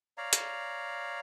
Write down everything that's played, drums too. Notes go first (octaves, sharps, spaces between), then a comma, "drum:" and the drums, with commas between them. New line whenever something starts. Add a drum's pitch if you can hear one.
C#5 D5 F5 A#5
drum: hi-hat